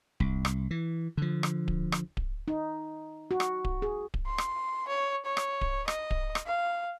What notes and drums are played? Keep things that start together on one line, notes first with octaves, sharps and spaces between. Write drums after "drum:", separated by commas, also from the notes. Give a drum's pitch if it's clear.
C2, drum: kick D1
drum: rim click
E3
D3 F3
drum: rim click
drum: kick D1
drum: rim click
drum: kick D1
D#4
F#4
drum: rim click
drum: kick D1
G#4
drum: kick D1
C6
drum: rim click
C#5
C#5
drum: rim click
drum: kick D1
D#5, drum: rim click
drum: kick D1
drum: rim click
F5